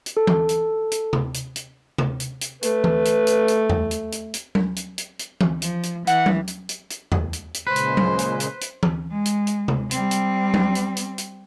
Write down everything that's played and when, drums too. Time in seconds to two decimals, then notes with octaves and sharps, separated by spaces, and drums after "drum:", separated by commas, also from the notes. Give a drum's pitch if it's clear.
0.06 drum: hi-hat
0.17 A4
0.27 drum: tom E3
0.49 drum: hi-hat
0.92 drum: hi-hat
1.13 drum: tom C3
1.34 drum: hi-hat
1.56 drum: hi-hat
1.98 drum: tom C3
2.20 drum: hi-hat
2.41 drum: hi-hat
2.63 A3 B4, drum: hi-hat
2.84 drum: tom E3
3.05 drum: hi-hat
3.27 drum: hi-hat
3.48 drum: hi-hat
3.70 drum: tom E2
3.91 drum: hi-hat
4.12 drum: hi-hat
4.34 drum: hi-hat
4.55 drum: tom F#3
4.76 drum: hi-hat
4.98 drum: hi-hat
5.19 drum: hi-hat
5.41 drum: tom E3
5.62 F3, drum: hi-hat
5.83 drum: hi-hat
6.07 E3 F#5, drum: hi-hat
6.26 drum: tom F#3
6.47 drum: hi-hat
6.69 drum: hi-hat
6.90 drum: hi-hat
7.12 drum: tom E2
7.33 drum: hi-hat
7.54 drum: hi-hat
7.67 A#2 C#3 G#3 B4 C5
7.76 drum: hi-hat
7.97 drum: tom F#3
8.19 drum: hi-hat
8.40 drum: hi-hat
8.61 drum: hi-hat
8.83 drum: tom E3
9.11 G#3
9.25 drum: hi-hat
9.47 drum: hi-hat
9.68 drum: tom C3
9.91 G3 C4, drum: hi-hat
10.11 drum: hi-hat
10.54 drum: tom F#3
10.75 drum: hi-hat
10.97 drum: hi-hat
11.18 drum: hi-hat